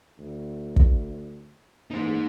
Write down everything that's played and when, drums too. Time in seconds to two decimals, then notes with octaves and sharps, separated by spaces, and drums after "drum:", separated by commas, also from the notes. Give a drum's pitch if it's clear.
0.19 D2
0.76 drum: kick
1.91 A1 A#3 D#4 G#4 C5